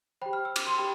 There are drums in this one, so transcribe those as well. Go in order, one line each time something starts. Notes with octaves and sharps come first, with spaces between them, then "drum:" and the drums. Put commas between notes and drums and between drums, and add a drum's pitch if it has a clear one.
G4 C5 G5 B5
F6
E6
D6, drum: cymbal
C6
G4 G5 B5